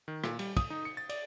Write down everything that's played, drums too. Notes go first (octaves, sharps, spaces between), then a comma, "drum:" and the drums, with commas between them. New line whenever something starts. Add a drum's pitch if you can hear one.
D#3
A#2, drum: rim click
G3, drum: cymbal
D#6, drum: kick, cymbal
D#4
C#7
A6
D5, drum: cymbal